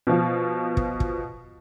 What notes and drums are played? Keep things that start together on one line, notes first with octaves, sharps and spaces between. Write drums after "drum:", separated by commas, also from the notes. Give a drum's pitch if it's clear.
B2 F3
drum: kick
drum: kick